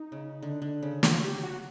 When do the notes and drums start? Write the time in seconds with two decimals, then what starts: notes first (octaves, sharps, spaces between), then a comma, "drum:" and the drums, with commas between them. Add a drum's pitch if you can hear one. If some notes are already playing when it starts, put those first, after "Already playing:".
Already playing: D#4
0.12 C#3
0.42 D3
0.62 D3
0.82 C#3
1.03 F#3 F4, drum: snare
1.24 G4
1.43 F#4